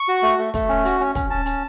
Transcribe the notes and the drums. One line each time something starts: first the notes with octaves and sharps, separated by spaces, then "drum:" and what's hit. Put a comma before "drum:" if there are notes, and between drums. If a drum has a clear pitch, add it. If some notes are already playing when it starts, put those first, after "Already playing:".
Already playing: C#6
F#4
A3
A3
A3, drum: kick, hi-hat
C#4
F#4, drum: hi-hat
C#4
C#4, drum: kick, hi-hat
C#4 A5
C#4, drum: hi-hat